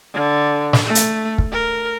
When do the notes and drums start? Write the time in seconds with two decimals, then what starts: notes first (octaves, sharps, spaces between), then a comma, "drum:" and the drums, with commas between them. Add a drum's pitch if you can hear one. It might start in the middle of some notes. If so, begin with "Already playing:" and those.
0.14 D3
0.73 drum: snare
0.86 A3
0.95 drum: hi-hat
1.38 drum: kick
1.52 A#4